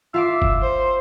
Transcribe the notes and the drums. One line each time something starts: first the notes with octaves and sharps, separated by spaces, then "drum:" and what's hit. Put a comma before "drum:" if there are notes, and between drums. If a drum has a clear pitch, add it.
F4 E5 F5 D6
drum: kick F#1
C5